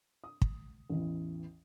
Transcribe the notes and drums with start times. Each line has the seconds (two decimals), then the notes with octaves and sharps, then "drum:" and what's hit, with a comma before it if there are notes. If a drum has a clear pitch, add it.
0.24 D#6
0.42 drum: kick
0.90 A1 E2 E3